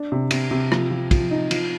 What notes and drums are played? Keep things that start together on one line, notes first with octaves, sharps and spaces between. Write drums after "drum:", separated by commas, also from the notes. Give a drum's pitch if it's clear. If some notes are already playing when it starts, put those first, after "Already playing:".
Already playing: D4
C3
C3, drum: cymbal
C3
F3, drum: rim click
F3
F3, drum: kick, cymbal
D#4
F3, drum: cymbal